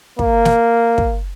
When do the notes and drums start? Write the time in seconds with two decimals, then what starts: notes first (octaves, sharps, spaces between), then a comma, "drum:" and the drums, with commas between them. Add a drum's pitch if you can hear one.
0.19 A#3, drum: kick
0.45 drum: snare
0.98 drum: kick